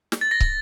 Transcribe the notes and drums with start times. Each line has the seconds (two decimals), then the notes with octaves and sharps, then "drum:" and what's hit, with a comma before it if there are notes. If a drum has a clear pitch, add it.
0.12 drum: snare
0.21 A6
0.31 A#6
0.40 drum: kick